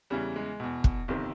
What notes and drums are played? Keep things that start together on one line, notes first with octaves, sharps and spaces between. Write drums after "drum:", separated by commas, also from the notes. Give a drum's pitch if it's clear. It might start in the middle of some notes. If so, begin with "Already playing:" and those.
E2 C#3 E3 G3
G#3
E2 B2
drum: kick
G1 F2 C3 D#3